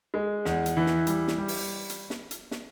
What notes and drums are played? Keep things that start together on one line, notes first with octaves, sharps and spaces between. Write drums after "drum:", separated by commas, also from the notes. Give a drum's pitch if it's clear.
G#3
E2, drum: snare
drum: hi-hat
E3
drum: snare
G3, drum: hi-hat
drum: snare
G3
drum: open hi-hat
drum: hi-hat
drum: snare
drum: hi-hat
drum: snare